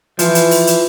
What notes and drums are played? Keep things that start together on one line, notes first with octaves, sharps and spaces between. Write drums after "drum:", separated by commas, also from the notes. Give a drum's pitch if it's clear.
E3 F3, drum: hi-hat
drum: hi-hat
drum: open hi-hat
drum: hi-hat